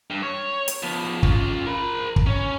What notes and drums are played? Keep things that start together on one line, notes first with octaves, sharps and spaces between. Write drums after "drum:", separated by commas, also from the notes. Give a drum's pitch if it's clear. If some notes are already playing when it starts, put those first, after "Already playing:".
G2
C#5
drum: hi-hat
F3 B3
C#4 F4, drum: kick
A#4 B5
drum: kick
C#4 C#5